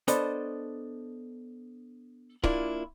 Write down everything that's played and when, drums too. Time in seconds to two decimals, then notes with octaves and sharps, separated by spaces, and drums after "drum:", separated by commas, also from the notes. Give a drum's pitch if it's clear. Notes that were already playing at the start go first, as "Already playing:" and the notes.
0.08 B3 D4 A4 C5 D#5, drum: hi-hat
2.44 A#3 D4 E4 F4, drum: kick C#1